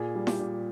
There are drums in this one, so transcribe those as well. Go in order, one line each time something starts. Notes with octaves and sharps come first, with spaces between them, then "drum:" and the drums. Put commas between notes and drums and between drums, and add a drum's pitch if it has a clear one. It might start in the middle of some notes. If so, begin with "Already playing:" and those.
Already playing: A#2 G#4
G3
G4, drum: snare E4
A#2